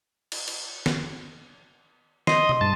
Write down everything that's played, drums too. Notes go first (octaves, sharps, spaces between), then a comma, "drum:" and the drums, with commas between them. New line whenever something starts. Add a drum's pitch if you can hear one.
drum: cymbal
drum: cymbal
drum: snare
D#5 C6 C7 D#7, drum: snare
drum: tom B2
G2 A5